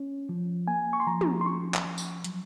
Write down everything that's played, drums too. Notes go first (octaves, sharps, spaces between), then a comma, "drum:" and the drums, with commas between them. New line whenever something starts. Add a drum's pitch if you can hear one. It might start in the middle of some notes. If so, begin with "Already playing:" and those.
Already playing: C#4
F3
A#3 G#5
C#6
C6
F3 A#5
drum: tom
C6
C#4 C#6
drum: clap
F3
drum: tambourine
F#3, drum: hi-hat